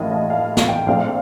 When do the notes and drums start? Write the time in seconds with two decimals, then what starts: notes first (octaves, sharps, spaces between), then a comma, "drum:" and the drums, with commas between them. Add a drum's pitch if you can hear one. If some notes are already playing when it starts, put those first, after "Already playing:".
Already playing: A1 A2 F3 A#3 D#5 F5
0.11 D#5
0.30 F5
0.57 drum: snare
0.68 G5
0.86 A#1 A#2 F3 A3 C4 F5